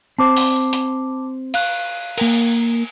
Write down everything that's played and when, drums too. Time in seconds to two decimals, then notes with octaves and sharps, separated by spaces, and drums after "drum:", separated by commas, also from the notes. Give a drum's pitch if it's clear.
0.18 C4 C5 A5 D6
0.37 drum: open hi-hat
0.73 drum: hi-hat
1.54 F5 F#6, drum: cymbal
2.18 A#3 A#4, drum: cymbal